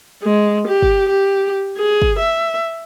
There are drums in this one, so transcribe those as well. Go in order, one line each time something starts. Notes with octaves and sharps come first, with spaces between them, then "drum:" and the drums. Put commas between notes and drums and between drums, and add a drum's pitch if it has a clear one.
G#3
G4
drum: kick
G4
G#4
drum: kick
E5